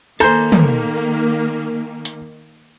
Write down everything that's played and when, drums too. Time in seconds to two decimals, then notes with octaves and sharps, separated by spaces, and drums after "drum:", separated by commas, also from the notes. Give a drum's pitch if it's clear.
0.20 D#3 A#3 A4 C5 G#5 A#5 G6, drum: hi-hat
0.52 drum: tom
2.05 drum: hi-hat